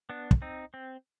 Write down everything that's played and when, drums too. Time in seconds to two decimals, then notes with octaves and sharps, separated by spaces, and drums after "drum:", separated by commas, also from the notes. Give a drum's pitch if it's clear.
0.10 B3 D4
0.31 drum: kick
0.42 C4 D#4
0.74 C4